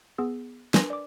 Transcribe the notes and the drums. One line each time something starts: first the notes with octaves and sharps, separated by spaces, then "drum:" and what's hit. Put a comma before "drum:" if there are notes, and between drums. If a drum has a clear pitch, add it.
B3 G#4 E6
D4 A#4 B4 G#5 C6 A#6, drum: snare
D5 D6